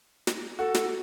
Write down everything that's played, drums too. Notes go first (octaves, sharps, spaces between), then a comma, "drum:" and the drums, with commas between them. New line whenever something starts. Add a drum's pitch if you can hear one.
drum: snare
F#4 A4
drum: snare